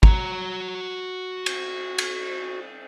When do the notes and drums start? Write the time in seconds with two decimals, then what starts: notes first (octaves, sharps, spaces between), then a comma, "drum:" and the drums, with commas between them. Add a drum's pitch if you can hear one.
0.03 F#4 A#5, drum: kick
1.46 drum: cymbal
1.98 drum: cymbal